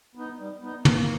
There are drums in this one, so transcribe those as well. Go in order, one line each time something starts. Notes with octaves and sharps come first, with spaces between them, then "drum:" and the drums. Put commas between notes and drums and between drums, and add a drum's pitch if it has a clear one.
B3 D#4
G3
B3 D#4
E3 A#3, drum: tom